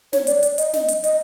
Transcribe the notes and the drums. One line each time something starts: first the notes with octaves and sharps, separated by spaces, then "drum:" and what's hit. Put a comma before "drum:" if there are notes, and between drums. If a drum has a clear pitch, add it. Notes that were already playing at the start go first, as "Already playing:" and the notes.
C#5, drum: snare
D5, drum: hi-hat
D5, drum: hi-hat
D#5, drum: hi-hat
D#5, drum: snare
drum: hi-hat
D#5, drum: hi-hat